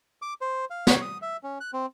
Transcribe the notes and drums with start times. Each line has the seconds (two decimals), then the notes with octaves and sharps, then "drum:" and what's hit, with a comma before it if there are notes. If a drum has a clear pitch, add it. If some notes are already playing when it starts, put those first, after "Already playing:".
0.22 D6
0.41 C5
0.70 F5
0.87 C#5, drum: snare
1.02 D#6
1.22 E5
1.43 C#4
1.61 F#6
1.73 C4